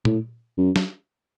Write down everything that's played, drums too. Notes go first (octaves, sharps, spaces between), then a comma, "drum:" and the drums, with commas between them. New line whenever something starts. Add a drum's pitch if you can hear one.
A2, drum: tom A#2
F#2
drum: snare